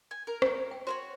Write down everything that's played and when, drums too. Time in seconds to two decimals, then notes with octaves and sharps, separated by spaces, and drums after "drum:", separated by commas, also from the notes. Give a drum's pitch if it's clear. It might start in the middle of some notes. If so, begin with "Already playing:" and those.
0.11 G#5
0.27 A#4
0.42 drum: rim click
0.71 G5
0.87 F#4 A#4 C5 C#5 C6